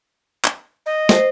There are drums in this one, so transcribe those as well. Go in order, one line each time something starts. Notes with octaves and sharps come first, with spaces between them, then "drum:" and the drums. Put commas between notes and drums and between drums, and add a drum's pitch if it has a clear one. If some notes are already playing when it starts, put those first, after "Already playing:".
drum: clap
D#5
C5, drum: snare